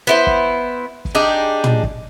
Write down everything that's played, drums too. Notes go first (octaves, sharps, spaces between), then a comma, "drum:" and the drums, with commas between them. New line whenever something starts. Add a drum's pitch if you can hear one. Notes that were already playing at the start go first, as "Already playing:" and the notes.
B3 E4 C5
drum: kick
drum: kick
D4 D#4 G4 G#4
drum: tom
drum: kick